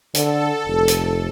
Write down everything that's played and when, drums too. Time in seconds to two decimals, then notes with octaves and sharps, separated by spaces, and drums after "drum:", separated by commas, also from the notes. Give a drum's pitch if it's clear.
0.15 D3 A4, drum: hi-hat
0.67 F1
0.88 drum: hi-hat